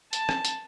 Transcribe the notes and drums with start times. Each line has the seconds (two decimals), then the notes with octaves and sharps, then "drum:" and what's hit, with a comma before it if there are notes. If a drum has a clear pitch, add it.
0.13 A5, drum: hi-hat
0.29 drum: rim click
0.45 drum: hi-hat